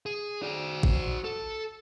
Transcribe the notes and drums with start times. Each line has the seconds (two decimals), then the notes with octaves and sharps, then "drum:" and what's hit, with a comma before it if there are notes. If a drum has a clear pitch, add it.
0.06 G#4
0.42 F#4 D5
0.83 drum: kick A1
1.24 A4